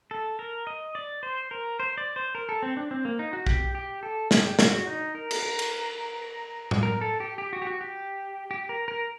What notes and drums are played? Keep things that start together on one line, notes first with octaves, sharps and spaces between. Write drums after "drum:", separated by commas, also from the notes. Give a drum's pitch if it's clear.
A4
A#4
D#5
D5
C5
A#4
C5
D5
C5
A#4
A4
C4
D4
C4
A#3
D#4
F#4
G4, drum: kick B1
G4
A4
G4, drum: snare
F#4, drum: snare
D#4
A#4
drum: cymbal
A#4
drum: cymbal
drum: tom A2
A#4
A4
G4
G4
F#4
G4
F#4
G4
G4
A#4
A#4